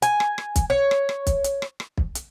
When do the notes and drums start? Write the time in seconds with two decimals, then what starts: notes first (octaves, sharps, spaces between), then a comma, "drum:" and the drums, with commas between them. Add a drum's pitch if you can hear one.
0.02 G#5, drum: hi-hat
0.20 drum: rim click
0.38 drum: rim click
0.56 drum: kick, hi-hat
0.70 C#5
0.91 drum: rim click
1.09 drum: rim click
1.27 drum: kick, hi-hat
1.44 drum: hi-hat
1.62 drum: rim click
1.80 drum: rim click
1.98 drum: kick
2.15 drum: hi-hat